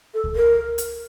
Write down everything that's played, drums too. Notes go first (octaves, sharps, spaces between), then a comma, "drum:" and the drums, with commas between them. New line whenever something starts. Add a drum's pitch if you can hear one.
A4
drum: kick C#2
A#4
drum: hi-hat